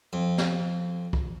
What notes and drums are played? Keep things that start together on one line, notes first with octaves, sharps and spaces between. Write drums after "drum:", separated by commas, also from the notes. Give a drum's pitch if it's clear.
F2
drum: snare
drum: kick